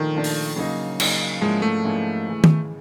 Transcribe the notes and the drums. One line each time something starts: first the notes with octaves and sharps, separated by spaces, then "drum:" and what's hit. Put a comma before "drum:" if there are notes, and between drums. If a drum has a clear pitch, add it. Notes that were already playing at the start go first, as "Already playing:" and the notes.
Already playing: A#2 D#3 F3 A3 D4
A#2 F3 A3 D4
drum: open hi-hat
C#3 F#3 A#3 D#4
C#3 F#3 A#3 D#4, drum: cymbal
G#2 F3 G#3 A#3 C#4 E4
A3
G#2 F3 A#3 C#4 E4
C#3 E3 G#3
drum: tom